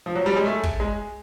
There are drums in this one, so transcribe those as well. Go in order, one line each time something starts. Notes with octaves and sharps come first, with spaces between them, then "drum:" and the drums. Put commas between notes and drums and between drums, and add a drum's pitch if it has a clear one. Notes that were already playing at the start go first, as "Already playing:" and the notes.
F3
F#3
G3
G#3
A3
drum: kick
G#3